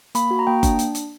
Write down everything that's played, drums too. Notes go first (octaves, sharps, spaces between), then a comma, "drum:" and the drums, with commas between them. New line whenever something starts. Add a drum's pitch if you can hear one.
A#3 B5, drum: hi-hat
F#4
A#5
A#3 G5
D4, drum: kick F#1, hi-hat
drum: hi-hat
drum: hi-hat